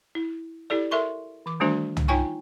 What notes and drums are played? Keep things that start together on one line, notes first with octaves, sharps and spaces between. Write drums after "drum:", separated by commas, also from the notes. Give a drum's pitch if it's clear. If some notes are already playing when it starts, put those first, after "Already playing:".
E4
E4 G4 A4 D5
A4 A#4 E5 C6 C#6
E3 D6
D#3 G3 A3 D4 F#4 C5
drum: tom
D#4 F4 C#5 G5 G#5 C#6